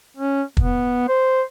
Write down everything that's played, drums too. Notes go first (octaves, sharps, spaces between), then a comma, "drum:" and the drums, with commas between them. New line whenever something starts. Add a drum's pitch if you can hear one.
C#4
B3, drum: kick
C5